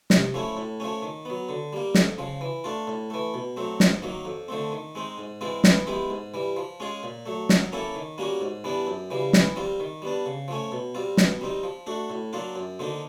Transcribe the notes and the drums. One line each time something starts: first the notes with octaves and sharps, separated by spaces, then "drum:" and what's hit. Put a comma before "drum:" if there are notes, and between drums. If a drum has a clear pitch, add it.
C3, drum: snare
F3 A3 C#4 E4
A2
F3 A3 C#4
D#3
F#3 B3
D3
G3 A#3
F2, drum: snare
C#3 F3
E3
A3 D4 F4
A2
E3 A3
B2
F#3 A3 C4
G#2, drum: snare
D#3 F#3 A#3
F2
D3 F3 A3 C4
D#3
G#3 C4 D#4
G#2
E3 G#3 C4 F4
E3, drum: snare
G#3 B3 E4 G4
G#2
E3 G3
F3
G#3 C#4 F4 G#4
A#2
F#3 A3
F#3, drum: snare
A#3 C#4 E4 A4
D#3
G3 A#3 C#4 F#4
G#2
E3 G3 B3 D4
F#2
C#3 E3 G3
E3, drum: snare
G3 C4 F4
D#3
G3 B3 D4
C#3
F3 A3 C#4
B2
G3 C4 F4
B2, drum: snare
G3 C4 D#4
F3
A3 D4 F#4
A2
F#3 A#3 D4 F4
F#2
D3 F3 A#3 D#4